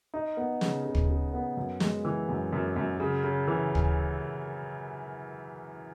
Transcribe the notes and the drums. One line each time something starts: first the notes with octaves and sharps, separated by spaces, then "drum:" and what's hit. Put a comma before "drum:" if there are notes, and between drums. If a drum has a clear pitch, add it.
D#4
B3
C#3, drum: snare
C#3
drum: kick
C#3
B3
F#2
G#3, drum: snare
E3
F#2
F#2
F#2
C#3
C#3
E3
drum: kick